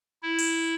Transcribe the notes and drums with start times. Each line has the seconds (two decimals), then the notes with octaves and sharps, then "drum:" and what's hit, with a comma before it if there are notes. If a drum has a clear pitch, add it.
0.23 E4
0.38 drum: open hi-hat